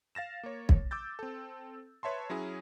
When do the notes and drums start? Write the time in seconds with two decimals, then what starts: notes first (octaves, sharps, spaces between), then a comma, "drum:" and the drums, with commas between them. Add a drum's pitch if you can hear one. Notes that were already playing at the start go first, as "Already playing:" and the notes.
0.15 F5 A6 A#6 E7
0.43 A#3 C#5
0.69 drum: kick
0.91 D6 E6 G6 A6
1.19 C4 A4
2.03 B4 C#5 E5 A5 C6
2.30 F#3 C#4 E4 G#4